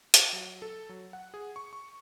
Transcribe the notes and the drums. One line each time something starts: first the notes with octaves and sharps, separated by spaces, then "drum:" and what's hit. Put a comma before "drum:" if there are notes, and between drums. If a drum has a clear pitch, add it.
A5, drum: hi-hat
F#3
A4
F#3
F#5
G#4
C#6
C#6